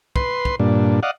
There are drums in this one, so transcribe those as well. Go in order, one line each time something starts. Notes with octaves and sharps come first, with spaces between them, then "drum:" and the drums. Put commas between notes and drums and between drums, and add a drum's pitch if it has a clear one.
B4 C6, drum: kick
drum: kick
G2 A#2 D4
D5 D#5 F5 F#5